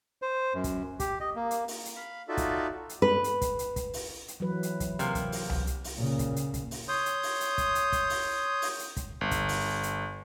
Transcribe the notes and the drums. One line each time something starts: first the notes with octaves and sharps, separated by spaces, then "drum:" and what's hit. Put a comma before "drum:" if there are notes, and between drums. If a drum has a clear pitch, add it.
C5
F#2
drum: kick, hi-hat
G4, drum: kick, hi-hat
D#5
A#3
drum: hi-hat
drum: open hi-hat
drum: hi-hat
F5 B5
D#4 F4 F#4 A4 D5 E5
drum: kick, hi-hat
drum: hi-hat
B4
drum: hi-hat
drum: kick, hi-hat
drum: hi-hat
drum: kick, hi-hat
drum: open hi-hat
drum: hi-hat
E3 F#3 B4
drum: hi-hat
drum: kick, hi-hat
C3 A#3, drum: hi-hat
drum: kick, hi-hat
drum: open hi-hat
drum: tom C2
drum: hi-hat
drum: open hi-hat
A#2 C#3
drum: kick, hi-hat
drum: hi-hat
drum: kick, hi-hat
drum: open hi-hat
C#5 C6 D#6 G6
drum: hi-hat
drum: open hi-hat
drum: hi-hat
drum: kick, hi-hat
drum: hi-hat
drum: kick, hi-hat
drum: open hi-hat
drum: open hi-hat
drum: hi-hat
drum: kick, hi-hat
G1
drum: kick, hi-hat
drum: open hi-hat
drum: hi-hat